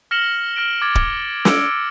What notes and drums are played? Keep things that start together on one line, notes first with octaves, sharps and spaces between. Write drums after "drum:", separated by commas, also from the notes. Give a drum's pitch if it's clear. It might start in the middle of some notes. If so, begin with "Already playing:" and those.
F6 A#6 C#7 E7 F#7 G7
F6 A#6 D7
D6 G#6 A6
drum: kick D1
E6 C#7 D7, drum: snare